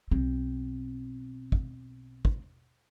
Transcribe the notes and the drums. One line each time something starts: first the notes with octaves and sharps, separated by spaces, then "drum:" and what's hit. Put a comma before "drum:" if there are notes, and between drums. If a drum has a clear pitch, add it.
B1 C4
drum: kick
drum: kick